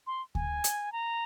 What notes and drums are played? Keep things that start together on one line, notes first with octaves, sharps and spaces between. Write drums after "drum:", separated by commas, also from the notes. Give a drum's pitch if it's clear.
C6
G#5, drum: kick D2
drum: hi-hat
A#5